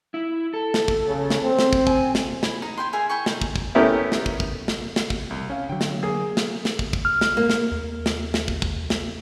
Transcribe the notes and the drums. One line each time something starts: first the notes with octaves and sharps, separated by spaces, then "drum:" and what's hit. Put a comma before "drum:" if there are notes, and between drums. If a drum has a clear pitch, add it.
E4
A4
drum: snare
drum: kick
C#3
drum: snare
C4
drum: snare
drum: kick
G#5, drum: kick
drum: snare
E4, drum: snare
D#4 A#5
E4 G5 C6
G#4 A#4 E5 G#5
E4 G5 G#5 C#6
D#4 A#4, drum: snare
drum: kick
drum: kick
A3 B3 C#4 E4 G4 A#4
drum: snare
drum: kick
drum: kick
drum: snare
drum: snare
drum: kick
C2
C#4 F5
D3 F#3 G5
drum: snare
A#3 G#4
drum: snare
drum: snare
drum: kick
drum: kick
F6
drum: snare
A#3
drum: snare
D#2
drum: snare
drum: snare
drum: kick
drum: kick
drum: snare